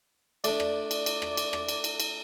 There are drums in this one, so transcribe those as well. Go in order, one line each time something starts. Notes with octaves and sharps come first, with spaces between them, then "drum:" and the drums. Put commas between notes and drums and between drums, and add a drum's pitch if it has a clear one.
A3 D4 D5, drum: cymbal
drum: rim click
drum: cymbal
drum: cymbal
drum: rim click
drum: cymbal
drum: rim click
drum: cymbal
drum: cymbal
drum: cymbal